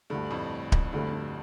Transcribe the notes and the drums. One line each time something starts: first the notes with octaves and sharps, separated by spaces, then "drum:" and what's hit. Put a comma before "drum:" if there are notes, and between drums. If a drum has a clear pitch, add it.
D2 G2 D3 A3
F2 A2
F2, drum: kick D1
D2 G2 D3 A3
G2